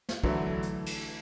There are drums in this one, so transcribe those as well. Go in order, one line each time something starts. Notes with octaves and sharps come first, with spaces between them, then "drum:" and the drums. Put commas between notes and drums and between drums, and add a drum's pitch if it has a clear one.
drum: snare
D3 E3 F#3 A3 E4, drum: kick
drum: hi-hat
drum: cymbal